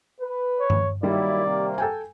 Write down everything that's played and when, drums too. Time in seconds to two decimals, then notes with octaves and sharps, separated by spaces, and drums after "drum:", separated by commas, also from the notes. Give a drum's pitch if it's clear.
0.21 B4
0.60 C#5
0.70 drum: tom G2
1.03 D#3 F#3 G3 A#3 E4 D5
1.44 C3 A#3
1.78 A4 G5 G#5